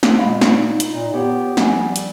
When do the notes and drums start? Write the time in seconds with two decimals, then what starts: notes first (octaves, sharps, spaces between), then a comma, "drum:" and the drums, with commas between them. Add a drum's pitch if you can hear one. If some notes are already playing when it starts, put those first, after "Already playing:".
0.03 drum: snare
0.18 A#2 G#3 F5 B5
0.41 drum: snare
0.56 D#4
0.80 drum: hi-hat
0.93 A#2 D#4
1.14 B3 F4 G4 C#5
1.57 A#1 G3 G#5, drum: snare
1.96 drum: hi-hat